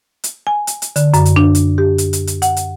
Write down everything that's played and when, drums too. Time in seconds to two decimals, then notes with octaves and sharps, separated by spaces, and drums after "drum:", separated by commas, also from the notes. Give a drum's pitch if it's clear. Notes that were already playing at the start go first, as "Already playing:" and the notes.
0.24 drum: hi-hat
0.47 G#5
0.67 drum: hi-hat
0.82 drum: hi-hat
0.96 D3, drum: hi-hat
1.14 F#2, drum: hi-hat
1.25 drum: hi-hat
1.36 D4
1.55 drum: hi-hat
1.78 G4
1.98 drum: hi-hat
2.13 drum: hi-hat
2.27 drum: hi-hat
2.42 F#5, drum: hi-hat
2.57 drum: hi-hat